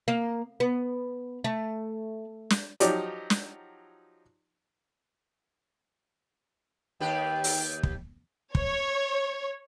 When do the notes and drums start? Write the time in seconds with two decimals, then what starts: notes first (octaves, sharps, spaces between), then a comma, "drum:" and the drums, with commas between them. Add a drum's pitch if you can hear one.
0.08 A#3
0.60 B3
1.44 A3
2.50 drum: snare
2.80 F3 F#3 D#4 G4 D5, drum: hi-hat
3.30 drum: snare
7.00 D#2 G4 B4 G5
7.44 drum: open hi-hat
7.83 drum: kick
8.55 C#5, drum: kick